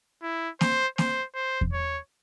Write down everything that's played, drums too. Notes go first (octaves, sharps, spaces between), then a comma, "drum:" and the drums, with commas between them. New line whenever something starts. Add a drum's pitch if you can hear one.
E4
C5, drum: snare A#3
C5, drum: snare A#3
C5
drum: kick E2
C#5